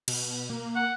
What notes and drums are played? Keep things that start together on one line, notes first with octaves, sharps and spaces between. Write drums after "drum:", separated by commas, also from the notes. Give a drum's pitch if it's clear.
B2, drum: cymbal
A#3
F#5